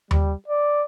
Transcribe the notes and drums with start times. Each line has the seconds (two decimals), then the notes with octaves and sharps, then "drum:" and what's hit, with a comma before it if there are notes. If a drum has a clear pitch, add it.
0.11 G3, drum: tom D#2
0.48 D5